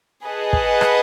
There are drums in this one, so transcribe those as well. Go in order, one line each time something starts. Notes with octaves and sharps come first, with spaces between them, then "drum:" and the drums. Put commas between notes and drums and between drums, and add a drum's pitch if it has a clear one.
G#4 B4 D#5 F#5 A5
drum: kick
drum: rim click